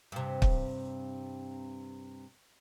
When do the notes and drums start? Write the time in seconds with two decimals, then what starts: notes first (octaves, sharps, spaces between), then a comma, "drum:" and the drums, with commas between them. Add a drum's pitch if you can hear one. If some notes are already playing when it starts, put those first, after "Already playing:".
0.12 G2 C3
0.42 drum: kick